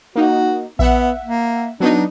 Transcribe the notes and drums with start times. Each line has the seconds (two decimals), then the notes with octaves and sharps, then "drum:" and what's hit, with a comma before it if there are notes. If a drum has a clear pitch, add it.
0.16 A#3 D#4 F#4
0.79 B3 E5 F#5, drum: kick A#1
1.25 A#3
1.80 F#3 B3 D4 D#4